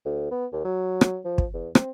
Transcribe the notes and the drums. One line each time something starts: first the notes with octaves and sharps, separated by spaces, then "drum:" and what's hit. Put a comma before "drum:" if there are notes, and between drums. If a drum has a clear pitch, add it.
D2
B3
D#2
F#3
drum: rim click
F3
drum: kick
E2
C4, drum: rim click